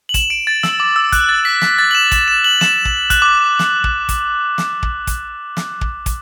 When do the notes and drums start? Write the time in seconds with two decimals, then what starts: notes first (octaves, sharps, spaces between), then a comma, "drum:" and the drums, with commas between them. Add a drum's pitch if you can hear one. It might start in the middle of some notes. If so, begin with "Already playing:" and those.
0.09 F#7
0.14 E7, drum: kick, hi-hat
0.30 D7
0.47 A6
0.63 E6, drum: snare
0.80 D6
0.96 E6
1.12 F#6, drum: kick, hi-hat
1.29 A6
1.45 B6
1.62 B6, drum: snare
1.78 A6
1.91 F#7
1.95 E7
2.12 E7, drum: kick, hi-hat
2.28 E7
2.44 F#7
2.61 E7, drum: snare
2.85 drum: kick
3.10 F#6, drum: kick, hi-hat
3.22 D6
3.59 drum: snare
3.84 drum: kick
4.09 drum: kick, hi-hat
4.58 drum: snare
4.83 drum: kick
5.07 drum: kick, hi-hat
5.57 drum: snare
5.81 drum: kick
6.06 drum: kick, hi-hat